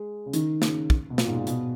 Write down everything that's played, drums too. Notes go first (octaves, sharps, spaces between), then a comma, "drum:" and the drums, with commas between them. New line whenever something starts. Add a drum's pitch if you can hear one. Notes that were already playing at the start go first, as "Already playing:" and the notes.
Already playing: G#3
C#3
D#3, drum: hi-hat
C#3, drum: snare
drum: kick
B2
A#2, drum: snare
G#2
A#2
B2, drum: hi-hat